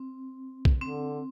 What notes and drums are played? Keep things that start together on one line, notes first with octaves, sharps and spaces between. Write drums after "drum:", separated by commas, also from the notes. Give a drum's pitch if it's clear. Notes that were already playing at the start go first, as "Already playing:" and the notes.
Already playing: C4
drum: kick B1
D3 C4